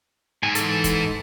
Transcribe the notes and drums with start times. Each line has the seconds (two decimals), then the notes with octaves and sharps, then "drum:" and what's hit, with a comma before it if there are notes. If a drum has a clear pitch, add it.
0.43 G#2 G#5
0.55 E3 A4, drum: hi-hat
0.84 drum: kick, hi-hat